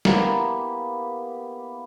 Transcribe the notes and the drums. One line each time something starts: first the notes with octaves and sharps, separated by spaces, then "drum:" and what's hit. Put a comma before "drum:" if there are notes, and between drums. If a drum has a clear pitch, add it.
A#3 B3 E4 G4, drum: snare